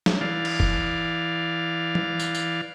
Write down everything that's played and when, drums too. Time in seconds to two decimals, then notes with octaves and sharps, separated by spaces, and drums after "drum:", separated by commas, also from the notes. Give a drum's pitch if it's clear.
0.06 drum: snare
0.21 E3 D5 F5
0.45 drum: cymbal
0.60 drum: kick F1
1.95 drum: tom
2.20 drum: tambourine
2.35 drum: tambourine